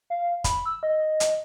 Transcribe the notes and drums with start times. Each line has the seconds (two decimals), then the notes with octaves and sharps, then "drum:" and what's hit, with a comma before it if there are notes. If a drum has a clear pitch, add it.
0.10 F5
0.44 B5, drum: kick, hi-hat
0.66 E6
0.83 D#5
1.20 drum: hi-hat